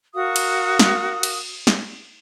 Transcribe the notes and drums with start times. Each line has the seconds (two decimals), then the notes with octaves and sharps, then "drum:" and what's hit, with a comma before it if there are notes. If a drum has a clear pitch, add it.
0.14 F#4 A#4 F5 D#6
0.36 drum: cymbal
0.79 drum: snare
1.23 drum: cymbal
1.67 drum: snare